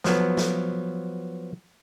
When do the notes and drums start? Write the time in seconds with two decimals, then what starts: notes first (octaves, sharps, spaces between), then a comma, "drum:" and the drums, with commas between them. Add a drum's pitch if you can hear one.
0.04 F3 F#3 B3, drum: snare
0.37 drum: snare